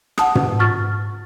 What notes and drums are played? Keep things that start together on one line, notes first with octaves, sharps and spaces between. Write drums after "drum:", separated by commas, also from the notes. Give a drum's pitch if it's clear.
F#5 A5 D#6, drum: rim click
drum: tom
G#2 C#6 F6 A6